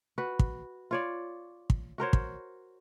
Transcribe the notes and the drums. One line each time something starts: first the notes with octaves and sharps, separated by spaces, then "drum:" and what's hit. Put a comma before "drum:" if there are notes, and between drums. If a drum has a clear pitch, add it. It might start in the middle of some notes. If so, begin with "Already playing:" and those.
F#4 B4
drum: kick
F4 C#5 D5
drum: kick
F#4 A#4 C5 C#5
drum: kick